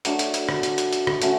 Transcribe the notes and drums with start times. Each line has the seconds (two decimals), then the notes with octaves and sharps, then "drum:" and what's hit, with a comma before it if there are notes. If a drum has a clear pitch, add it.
0.05 F#3 A3 D4, drum: hi-hat
0.19 drum: hi-hat
0.34 drum: hi-hat
0.49 drum: rim click
0.63 drum: hi-hat
0.78 drum: hi-hat
0.93 drum: hi-hat
1.07 drum: rim click
1.22 F#3 A3 C#4 F#4, drum: hi-hat